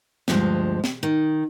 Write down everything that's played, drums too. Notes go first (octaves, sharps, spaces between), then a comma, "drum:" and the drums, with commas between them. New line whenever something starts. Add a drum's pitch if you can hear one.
D2 G2 F3 G#3, drum: snare
drum: snare
D#3